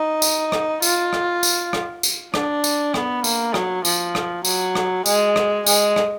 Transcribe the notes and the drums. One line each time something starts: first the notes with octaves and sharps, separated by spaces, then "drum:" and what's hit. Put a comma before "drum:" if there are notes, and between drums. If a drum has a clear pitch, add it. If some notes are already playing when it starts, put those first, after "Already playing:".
Already playing: D#4
drum: tambourine
drum: rim click
F4, drum: tambourine
drum: rim click
drum: tambourine
drum: rim click
drum: tambourine
D4, drum: rim click
drum: tambourine
B3, drum: rim click
A#3, drum: tambourine
F#3, drum: rim click
F3, drum: tambourine
drum: rim click
F#3, drum: tambourine
drum: rim click
G#3, drum: tambourine
drum: rim click
G#3, drum: tambourine
drum: rim click